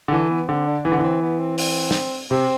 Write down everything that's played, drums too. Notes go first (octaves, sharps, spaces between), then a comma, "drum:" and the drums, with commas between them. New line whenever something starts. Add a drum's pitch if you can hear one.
D3
E3 A4
B3
D3 C4
D4
E3 B3
D3
E3 C4
B3
C4
C4, drum: open hi-hat
drum: snare
C3 C4